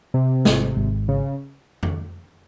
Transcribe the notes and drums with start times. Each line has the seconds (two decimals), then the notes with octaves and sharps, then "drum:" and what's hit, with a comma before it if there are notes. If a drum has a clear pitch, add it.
0.14 C3
0.45 G#1, drum: snare
0.76 G#1
1.08 C#3
1.83 drum: tom F2